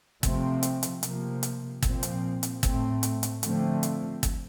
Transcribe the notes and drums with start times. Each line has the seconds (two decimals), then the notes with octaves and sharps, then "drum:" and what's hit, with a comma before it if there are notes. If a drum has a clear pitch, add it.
0.23 C3 F3 A3 C4, drum: kick, hi-hat
0.63 drum: hi-hat
0.83 drum: hi-hat
1.03 C3 F3 A#3, drum: hi-hat
1.43 drum: hi-hat
1.82 A#2 F3 C4, drum: kick, hi-hat
2.03 drum: hi-hat
2.43 drum: hi-hat
2.63 A2 A3 C4, drum: kick, hi-hat
3.03 drum: hi-hat
3.23 drum: hi-hat
3.43 D3 F3 A3 C4, drum: hi-hat
3.83 drum: hi-hat
4.23 drum: kick, hi-hat